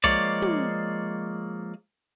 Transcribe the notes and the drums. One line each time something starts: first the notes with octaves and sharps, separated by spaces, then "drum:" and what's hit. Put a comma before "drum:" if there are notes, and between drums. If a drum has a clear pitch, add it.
F3 G#3 A#3 C#5 D5, drum: kick
drum: tom